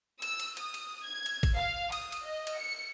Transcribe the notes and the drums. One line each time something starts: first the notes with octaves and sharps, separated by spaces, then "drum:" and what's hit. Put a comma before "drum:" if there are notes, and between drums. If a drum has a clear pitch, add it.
E6, drum: cymbal
drum: cymbal
D#6, drum: cymbal
drum: cymbal
G#6
drum: cymbal
drum: kick, cymbal
F5
D#6, drum: cymbal
drum: cymbal
D#5
drum: cymbal
C#7